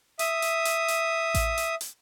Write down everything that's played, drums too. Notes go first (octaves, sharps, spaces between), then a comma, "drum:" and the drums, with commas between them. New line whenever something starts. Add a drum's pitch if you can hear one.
E5 D#6, drum: hi-hat
drum: hi-hat
drum: hi-hat
drum: hi-hat
drum: kick A1, hi-hat
drum: hi-hat
drum: hi-hat